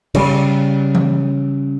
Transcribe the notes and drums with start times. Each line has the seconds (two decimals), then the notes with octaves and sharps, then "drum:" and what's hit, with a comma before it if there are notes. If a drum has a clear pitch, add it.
0.14 C#3 G3, drum: cymbal
0.95 drum: tom E3